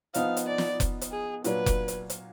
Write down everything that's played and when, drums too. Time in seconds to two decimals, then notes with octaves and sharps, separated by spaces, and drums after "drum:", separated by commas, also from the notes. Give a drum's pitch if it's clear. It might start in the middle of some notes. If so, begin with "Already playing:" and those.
0.14 F3 B3 D#4 F5, drum: hi-hat
0.37 drum: hi-hat
0.48 D5
0.58 drum: snare
0.80 drum: kick F1, hi-hat
1.01 drum: hi-hat
1.12 G#4
1.44 A#2 F#3 D4 B4, drum: hi-hat
1.66 drum: kick F1, hi-hat
1.88 drum: hi-hat
2.10 drum: hi-hat